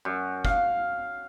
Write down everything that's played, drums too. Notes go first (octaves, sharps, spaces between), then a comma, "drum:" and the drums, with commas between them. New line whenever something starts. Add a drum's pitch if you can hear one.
F#2
F5, drum: kick